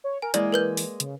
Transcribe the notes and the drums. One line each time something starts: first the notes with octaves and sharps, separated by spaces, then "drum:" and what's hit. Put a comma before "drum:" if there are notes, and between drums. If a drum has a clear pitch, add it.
C#5
A#4 G#5
E3 G#3 A#3 D5, drum: hi-hat
A#4 B4 G6
drum: open hi-hat
C#3, drum: hi-hat